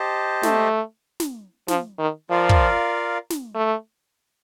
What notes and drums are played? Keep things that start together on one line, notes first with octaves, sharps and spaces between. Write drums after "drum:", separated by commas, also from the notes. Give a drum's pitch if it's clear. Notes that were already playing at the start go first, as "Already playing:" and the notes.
Already playing: G4 C5 D#5 A5
A3, drum: snare
drum: snare
F3, drum: snare
D#3
F3 F4 A#4 D5 F5
drum: kick
drum: snare
A3